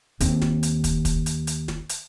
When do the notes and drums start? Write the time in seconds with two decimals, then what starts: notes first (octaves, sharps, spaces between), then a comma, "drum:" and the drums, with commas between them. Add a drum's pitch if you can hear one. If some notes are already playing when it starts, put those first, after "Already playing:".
0.20 D#2 C4, drum: hi-hat
0.42 drum: snare
0.63 drum: hi-hat
0.84 drum: kick, hi-hat
1.05 drum: kick, hi-hat
1.26 drum: hi-hat
1.47 drum: hi-hat
1.68 drum: snare
1.89 drum: hi-hat